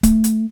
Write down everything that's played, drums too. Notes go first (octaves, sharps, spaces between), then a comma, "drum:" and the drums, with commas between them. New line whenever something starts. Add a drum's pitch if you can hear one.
A3, drum: kick, hi-hat
drum: hi-hat